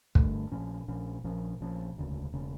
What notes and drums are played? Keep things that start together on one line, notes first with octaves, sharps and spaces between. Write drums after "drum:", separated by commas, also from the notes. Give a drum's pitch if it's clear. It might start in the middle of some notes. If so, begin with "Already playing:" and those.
G2 D3 A3, drum: kick
A#1 A#2 F3 C#4
A#1 A#2 F3 C#4
A#1 A#2 F3 C#4
A#1 A#2 F3 C#4
E1 D2 C#3
E1 C#3